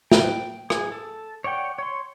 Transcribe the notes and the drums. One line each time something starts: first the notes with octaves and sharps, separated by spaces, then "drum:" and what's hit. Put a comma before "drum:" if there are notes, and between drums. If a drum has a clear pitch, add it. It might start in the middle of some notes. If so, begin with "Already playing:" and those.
G5, drum: snare
G#4, drum: rim click
A4
C#5 D5 F#5 G5
C#5 C6